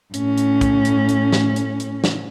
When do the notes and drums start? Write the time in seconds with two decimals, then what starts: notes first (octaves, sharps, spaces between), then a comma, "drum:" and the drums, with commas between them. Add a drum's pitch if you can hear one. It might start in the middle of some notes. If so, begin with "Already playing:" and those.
0.14 A2 C#4, drum: hi-hat
0.38 drum: hi-hat
0.61 drum: kick, hi-hat
0.85 drum: hi-hat
1.09 drum: hi-hat
1.32 drum: snare
1.56 drum: hi-hat
1.80 drum: hi-hat
2.04 drum: snare